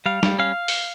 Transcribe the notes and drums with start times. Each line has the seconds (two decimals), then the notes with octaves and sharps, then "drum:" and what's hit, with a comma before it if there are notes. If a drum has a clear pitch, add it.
0.06 G3 F5
0.23 G3, drum: snare
0.39 C#4 F5
0.68 drum: open hi-hat